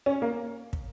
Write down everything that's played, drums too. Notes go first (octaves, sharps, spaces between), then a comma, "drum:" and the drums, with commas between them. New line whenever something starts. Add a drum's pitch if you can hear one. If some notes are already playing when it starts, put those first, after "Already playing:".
C#4
A#3
drum: kick